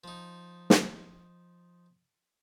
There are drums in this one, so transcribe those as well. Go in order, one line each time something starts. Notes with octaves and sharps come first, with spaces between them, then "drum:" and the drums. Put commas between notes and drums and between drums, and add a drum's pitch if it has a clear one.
F3 D#4
drum: snare